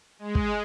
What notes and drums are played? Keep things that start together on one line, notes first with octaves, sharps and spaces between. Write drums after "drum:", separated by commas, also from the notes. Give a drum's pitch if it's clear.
G#3
drum: kick